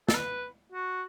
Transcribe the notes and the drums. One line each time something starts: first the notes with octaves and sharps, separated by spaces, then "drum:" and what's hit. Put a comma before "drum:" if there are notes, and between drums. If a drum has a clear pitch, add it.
A4, drum: snare
B4
F#4